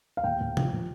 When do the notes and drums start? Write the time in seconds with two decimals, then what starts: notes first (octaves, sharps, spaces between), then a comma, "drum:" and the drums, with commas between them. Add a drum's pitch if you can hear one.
0.17 F5
0.24 D#2 G5
0.41 D#2
0.57 F3, drum: tom C3
0.73 F3